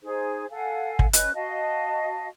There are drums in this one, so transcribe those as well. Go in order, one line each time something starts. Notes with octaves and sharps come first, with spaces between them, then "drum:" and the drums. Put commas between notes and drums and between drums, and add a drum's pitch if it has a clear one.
D#4 G#4 C5
A4 F5 F#5 G#5
drum: kick
C#4 B4 D#5 F#6, drum: hi-hat
F#4 D#5 F5 A5